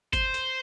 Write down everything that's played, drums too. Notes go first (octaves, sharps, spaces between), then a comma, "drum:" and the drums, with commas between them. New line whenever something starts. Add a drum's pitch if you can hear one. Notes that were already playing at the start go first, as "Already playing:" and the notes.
C5, drum: kick, hi-hat
drum: hi-hat